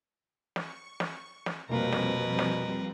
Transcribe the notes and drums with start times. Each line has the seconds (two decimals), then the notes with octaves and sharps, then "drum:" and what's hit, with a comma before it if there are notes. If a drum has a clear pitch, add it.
0.56 C#6, drum: snare
1.00 drum: snare
1.46 drum: snare
1.69 F1 B2 F3 G3 A#3 C4 A#4 B4
1.92 drum: snare
2.39 drum: snare